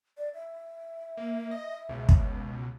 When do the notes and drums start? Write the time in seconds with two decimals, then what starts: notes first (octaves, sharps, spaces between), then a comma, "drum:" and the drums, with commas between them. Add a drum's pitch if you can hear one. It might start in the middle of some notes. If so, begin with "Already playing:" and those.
0.17 D5
0.34 E5
1.17 A#3
1.51 D#5 A#6
1.89 C#2 B2
2.09 drum: kick